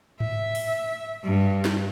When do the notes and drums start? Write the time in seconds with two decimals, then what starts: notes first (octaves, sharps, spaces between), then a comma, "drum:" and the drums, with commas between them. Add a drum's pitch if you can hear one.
0.20 E5, drum: tom G#2
0.55 drum: open hi-hat
1.24 G2
1.65 drum: snare